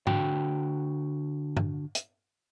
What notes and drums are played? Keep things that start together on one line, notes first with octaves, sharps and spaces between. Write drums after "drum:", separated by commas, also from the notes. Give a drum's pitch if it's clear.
D3 F#4 G5, drum: tom G#2
drum: tom G2
drum: hi-hat